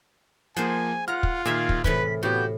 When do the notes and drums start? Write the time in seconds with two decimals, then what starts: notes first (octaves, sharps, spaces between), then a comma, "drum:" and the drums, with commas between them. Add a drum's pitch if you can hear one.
0.56 F3 A#3 G#4 C5 F#5 G#5
1.08 F4 F#5 A#5 F6
1.23 drum: kick
1.45 A#2 D#3 G#4 E5 F5 G#6
1.69 drum: kick
1.84 A2 C3 E3 B4 B5 B6, drum: kick
2.23 A2 B3 F#4 G4 G6